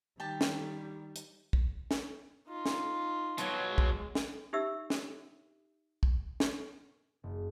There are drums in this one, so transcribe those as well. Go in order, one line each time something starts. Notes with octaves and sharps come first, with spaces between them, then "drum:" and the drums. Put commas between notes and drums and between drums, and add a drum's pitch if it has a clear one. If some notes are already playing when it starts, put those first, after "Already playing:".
D#3 G3 G4 A5
drum: snare
drum: hi-hat
drum: kick
drum: snare
D#4 F4
drum: snare
B2 F#3, drum: hi-hat
G#3
drum: kick
drum: snare
D#4 G4 E5 E6
drum: snare
drum: kick
drum: snare
F#1